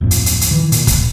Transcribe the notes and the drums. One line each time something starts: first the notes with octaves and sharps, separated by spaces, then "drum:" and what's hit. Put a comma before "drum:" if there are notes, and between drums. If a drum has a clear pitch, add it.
D1 G1 F2 A#2
drum: hi-hat
drum: hi-hat
drum: hi-hat
D#3 E3
A#2, drum: hi-hat
drum: kick, hi-hat